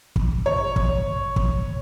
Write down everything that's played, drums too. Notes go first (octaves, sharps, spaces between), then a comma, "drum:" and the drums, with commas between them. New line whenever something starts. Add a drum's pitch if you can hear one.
drum: kick
C#5
drum: kick
drum: kick